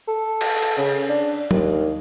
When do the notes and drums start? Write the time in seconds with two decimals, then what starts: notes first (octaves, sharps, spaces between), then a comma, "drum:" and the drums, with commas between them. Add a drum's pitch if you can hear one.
0.08 A4
0.41 drum: cymbal
0.62 drum: cymbal
0.78 C#3
1.09 D4
1.51 D#2, drum: tom